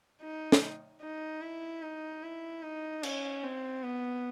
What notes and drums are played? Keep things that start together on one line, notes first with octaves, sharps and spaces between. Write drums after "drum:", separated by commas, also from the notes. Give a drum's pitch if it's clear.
D#4
drum: snare
D#4
E4
D#4
E4
D#4
C#4, drum: cymbal
C4
B3